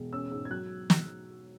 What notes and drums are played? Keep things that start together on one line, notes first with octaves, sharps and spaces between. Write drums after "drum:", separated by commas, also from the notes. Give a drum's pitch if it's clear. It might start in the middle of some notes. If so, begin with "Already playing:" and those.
Already playing: E1
C#4 E6
G#2
G#6
F#3 F#6
drum: snare